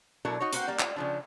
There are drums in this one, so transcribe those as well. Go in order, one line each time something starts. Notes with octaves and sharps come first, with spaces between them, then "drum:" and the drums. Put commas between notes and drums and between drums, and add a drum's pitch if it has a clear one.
B2 F#3 D4 E4 A4 A#4
D#4 F#4 C#5
A#3 F#4 C5 D5 F#5 G5, drum: hi-hat
G3 A#3 D5
G3 F4, drum: clap
C#3 F3 D4